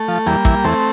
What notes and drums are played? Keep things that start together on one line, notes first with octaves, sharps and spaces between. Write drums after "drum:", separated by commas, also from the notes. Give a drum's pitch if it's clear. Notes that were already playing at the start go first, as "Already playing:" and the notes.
Already playing: A3
F3
E2 G3 A#3
E3, drum: kick
E2 A3 C4